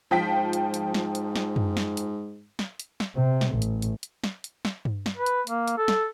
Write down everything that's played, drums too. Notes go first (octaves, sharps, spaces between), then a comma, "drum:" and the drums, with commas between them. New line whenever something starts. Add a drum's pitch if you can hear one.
G#2 F3 G5 B6
drum: hi-hat
drum: hi-hat
drum: snare
drum: hi-hat
drum: snare
drum: tom F#2
drum: snare
drum: hi-hat
drum: snare
drum: hi-hat
drum: snare
C3
drum: snare
A1
drum: hi-hat
drum: hi-hat
drum: hi-hat
drum: snare
drum: hi-hat
drum: snare
drum: tom G2
drum: snare
B4
drum: hi-hat
A#3, drum: hi-hat
drum: hi-hat
A4
drum: snare